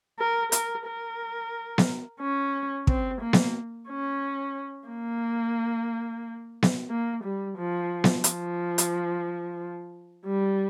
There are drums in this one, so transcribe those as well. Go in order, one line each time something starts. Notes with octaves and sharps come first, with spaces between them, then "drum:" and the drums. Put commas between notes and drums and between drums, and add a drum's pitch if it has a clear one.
A#4
A#4, drum: hi-hat
A#4
drum: snare B3
C#4
C4, drum: kick
A#3
drum: snare B3
C#4
A#3
drum: snare B3
A#3
G3
F3
drum: snare B3
F3, drum: hi-hat
drum: hi-hat
G3